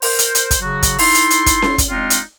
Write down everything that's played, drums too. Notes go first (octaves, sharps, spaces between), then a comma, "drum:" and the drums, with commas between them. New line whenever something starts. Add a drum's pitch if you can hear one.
A#4 C5, drum: open hi-hat
drum: hi-hat
drum: hi-hat
drum: kick, hi-hat
C#3 F#3 F#4
drum: kick, hi-hat
D#4 E4 A4 C6, drum: open hi-hat
drum: hi-hat
drum: hi-hat
drum: kick, hi-hat
drum: snare C#4
drum: kick, hi-hat
G#3 C4 D4 D#4 F4
drum: hi-hat